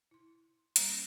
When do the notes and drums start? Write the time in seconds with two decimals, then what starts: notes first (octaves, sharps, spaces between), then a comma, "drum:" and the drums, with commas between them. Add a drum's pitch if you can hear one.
0.11 E4 C6
0.76 G3 A#3 C5 A#5, drum: hi-hat
0.89 C#4 A#6